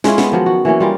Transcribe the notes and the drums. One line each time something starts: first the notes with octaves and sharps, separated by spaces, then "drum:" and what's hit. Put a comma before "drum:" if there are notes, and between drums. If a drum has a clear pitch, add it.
G#3 C#4 E4 F4, drum: snare
B3, drum: snare
D#3 F3 F#3
F#4
E3 F#3 A#3 C#4
G3 F4 A#4